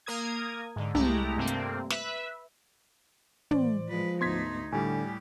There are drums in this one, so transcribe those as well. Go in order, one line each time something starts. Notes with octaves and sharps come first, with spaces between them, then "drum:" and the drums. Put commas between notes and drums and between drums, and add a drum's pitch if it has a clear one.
A#3 A#4 D#6 G#6
G#2 D3
C2 G#3 A3 E4 G4 A#5, drum: tom
G2 C3 A3 A#3 C4
drum: hi-hat
B4 E5, drum: snare
A2 E3 C5 D5, drum: tom
F3 G#3 B4
D2 G#2 B3 D#4 C6 G#6 B6
A2 D3 G3 G4 G#5